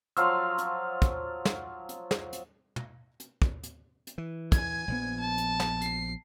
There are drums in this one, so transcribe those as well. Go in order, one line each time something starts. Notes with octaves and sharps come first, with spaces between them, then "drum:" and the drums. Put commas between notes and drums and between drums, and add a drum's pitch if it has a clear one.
F3 F#3 F5 C6 E6, drum: hi-hat
drum: hi-hat
drum: kick, hi-hat
drum: snare
drum: hi-hat
drum: snare
drum: hi-hat
drum: tom
drum: hi-hat
drum: kick
drum: hi-hat
drum: hi-hat
E3
G#5 G#6, drum: kick, hi-hat
A#1 F3 B3
A5
drum: hi-hat
drum: snare
C7, drum: hi-hat